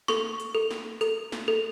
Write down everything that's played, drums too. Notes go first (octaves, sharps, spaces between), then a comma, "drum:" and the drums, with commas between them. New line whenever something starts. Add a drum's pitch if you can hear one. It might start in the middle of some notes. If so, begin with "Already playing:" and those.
A4 C#6, drum: snare
drum: hi-hat
A4
drum: snare
A4, drum: hi-hat
drum: snare
A4